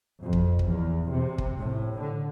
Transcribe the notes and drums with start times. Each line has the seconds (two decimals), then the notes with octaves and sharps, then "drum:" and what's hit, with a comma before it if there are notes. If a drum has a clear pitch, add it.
0.22 F2
0.33 drum: kick
0.59 drum: kick
0.69 E2
1.12 C3
1.38 drum: kick
1.60 A2
2.01 D3